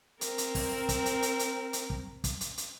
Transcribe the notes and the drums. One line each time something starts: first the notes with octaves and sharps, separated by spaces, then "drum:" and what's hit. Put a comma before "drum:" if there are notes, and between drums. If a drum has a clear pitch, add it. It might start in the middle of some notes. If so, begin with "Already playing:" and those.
C4 A#4, drum: hi-hat
drum: hi-hat
drum: kick, open hi-hat
drum: kick, hi-hat
drum: hi-hat
drum: hi-hat
drum: hi-hat
drum: hi-hat
drum: kick
drum: kick, hi-hat
drum: hi-hat
drum: hi-hat